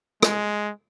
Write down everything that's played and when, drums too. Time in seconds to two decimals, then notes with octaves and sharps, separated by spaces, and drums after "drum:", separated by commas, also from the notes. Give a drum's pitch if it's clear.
0.23 G#3, drum: rim click